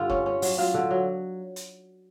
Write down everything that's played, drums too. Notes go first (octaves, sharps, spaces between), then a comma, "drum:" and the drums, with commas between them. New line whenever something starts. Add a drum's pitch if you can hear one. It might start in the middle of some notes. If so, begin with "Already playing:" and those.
Already playing: G2 D3 F4
C#4, drum: kick F#1
C#4
F#3, drum: open hi-hat
F#3 F4
D3
F#3
drum: hi-hat